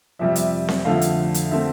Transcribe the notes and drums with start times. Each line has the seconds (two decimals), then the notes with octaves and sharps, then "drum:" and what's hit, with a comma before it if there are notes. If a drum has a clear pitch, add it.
0.19 F2 C3 G3 E5
0.36 drum: hi-hat
0.68 drum: snare C4
0.85 F2 D3 A3 F5
1.01 drum: hi-hat
1.34 drum: hi-hat
1.51 D3 A3 C4 E5